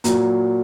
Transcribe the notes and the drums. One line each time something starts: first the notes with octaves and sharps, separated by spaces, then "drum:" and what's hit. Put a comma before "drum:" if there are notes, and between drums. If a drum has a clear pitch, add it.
A#2 F#3 A#5, drum: hi-hat